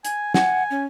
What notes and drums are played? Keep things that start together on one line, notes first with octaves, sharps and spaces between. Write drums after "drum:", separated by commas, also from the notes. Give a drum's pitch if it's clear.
G#5, drum: hi-hat
F#5 G#5, drum: snare
C#4